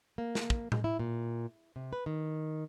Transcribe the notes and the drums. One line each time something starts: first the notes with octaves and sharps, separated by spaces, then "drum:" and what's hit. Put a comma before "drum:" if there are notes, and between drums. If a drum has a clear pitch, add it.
A#3
drum: snare
drum: kick
G#3, drum: tom A2
E4
A#2
C3
B4
D#3